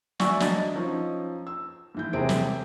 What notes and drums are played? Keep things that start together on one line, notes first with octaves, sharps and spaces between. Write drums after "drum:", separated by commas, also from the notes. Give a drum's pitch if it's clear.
F#4 D5 E5 G#5 C#6 E6, drum: snare
F#3 D4 D#5 A6, drum: snare
F3 C#4 D#4
E6
G#2 E3 G6
E1 C3 G4 G#4 C5 D7
drum: snare